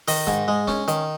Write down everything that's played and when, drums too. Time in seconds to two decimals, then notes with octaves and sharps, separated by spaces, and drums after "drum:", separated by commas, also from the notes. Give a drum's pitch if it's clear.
0.08 D#3 D#5, drum: open hi-hat
0.27 G#2, drum: snare
0.48 G#3
0.68 C#4, drum: snare
0.88 D#3, drum: hi-hat